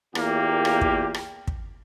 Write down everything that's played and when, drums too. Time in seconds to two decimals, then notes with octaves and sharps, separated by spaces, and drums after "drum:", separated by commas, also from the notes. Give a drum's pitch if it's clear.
0.15 E2 A#2 A#3 G4, drum: rim click
0.65 drum: rim click
0.81 drum: kick
1.14 drum: rim click
1.48 drum: kick